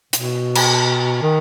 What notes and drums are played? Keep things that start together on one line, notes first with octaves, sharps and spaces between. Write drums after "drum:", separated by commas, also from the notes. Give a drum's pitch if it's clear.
B2, drum: hi-hat
drum: cymbal
D#3